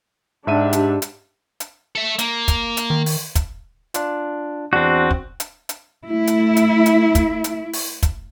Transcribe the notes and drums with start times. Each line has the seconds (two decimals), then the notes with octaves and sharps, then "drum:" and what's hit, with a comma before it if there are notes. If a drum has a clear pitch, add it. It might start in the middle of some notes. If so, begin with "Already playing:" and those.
0.47 G#2 D4 G4 E5 D#7
0.73 drum: hi-hat
1.02 drum: hi-hat
1.60 drum: hi-hat
1.95 A4 E5
2.19 A#3, drum: hi-hat
2.48 drum: kick, hi-hat
2.77 drum: hi-hat
2.90 D#3
3.06 drum: open hi-hat
3.35 drum: kick, hi-hat
3.94 D4 F4, drum: hi-hat
4.73 E2 C4 D4 F#4
5.11 drum: kick
5.40 drum: hi-hat
5.69 drum: hi-hat
6.06 A3 E4
6.27 drum: hi-hat
6.57 drum: hi-hat
6.86 drum: hi-hat
7.15 drum: kick, hi-hat
7.44 drum: hi-hat
7.73 drum: open hi-hat
8.03 drum: kick, hi-hat